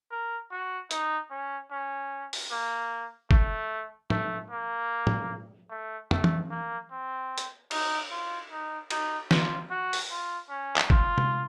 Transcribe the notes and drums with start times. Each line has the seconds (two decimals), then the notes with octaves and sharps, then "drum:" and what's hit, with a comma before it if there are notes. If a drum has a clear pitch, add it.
0.11 A#4
0.51 F#4
0.91 D#4, drum: hi-hat
1.31 C#4
1.71 C#4
2.33 drum: open hi-hat
2.51 A#3
3.31 A3, drum: kick F#1
4.10 A3, drum: tom
4.51 A#3
5.07 drum: tom
5.70 A3
6.11 A3, drum: tom
6.24 drum: tom E3
6.50 A#3
6.91 C4
7.38 drum: hi-hat
7.71 D#4, drum: cymbal
8.11 F4
8.51 D#4
8.90 D#4, drum: cymbal
9.31 F4, drum: snare
9.71 F#4
9.93 drum: open hi-hat
10.11 F4
10.49 C#4
10.76 drum: clap
10.90 F4, drum: kick F#1
11.18 drum: tom C3